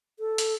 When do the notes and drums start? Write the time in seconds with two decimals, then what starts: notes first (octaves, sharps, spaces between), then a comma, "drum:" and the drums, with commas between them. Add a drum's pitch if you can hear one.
0.19 A4
0.38 drum: hi-hat